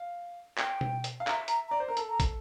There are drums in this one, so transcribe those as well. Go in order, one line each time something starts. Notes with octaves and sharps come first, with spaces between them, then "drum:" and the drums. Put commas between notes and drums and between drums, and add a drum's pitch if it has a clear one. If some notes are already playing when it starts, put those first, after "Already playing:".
Already playing: F5
G5, drum: clap
drum: tom B2
drum: hi-hat
F5
E5 A#5, drum: clap
A#5, drum: hi-hat
D5 A#5
C5
A#4 A#5
A4, drum: hi-hat
A#5
drum: kick, hi-hat